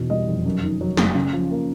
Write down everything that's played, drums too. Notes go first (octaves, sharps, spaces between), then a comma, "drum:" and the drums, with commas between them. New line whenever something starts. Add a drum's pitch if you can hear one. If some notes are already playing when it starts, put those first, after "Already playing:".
Already playing: E2 B2
G3 D#5
F1
F#2
D#3
F#3
F#1, drum: snare
C#3
F3
A#3